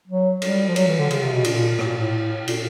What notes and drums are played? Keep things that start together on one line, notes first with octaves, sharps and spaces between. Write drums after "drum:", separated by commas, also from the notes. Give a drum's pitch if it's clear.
F#3
G3, drum: cymbal
F3
F#3, drum: cymbal
E3
D3
C#3, drum: cymbal
C3
B2
A#2, drum: cymbal
A2, drum: rim click
A#2
A2
A#2, drum: cymbal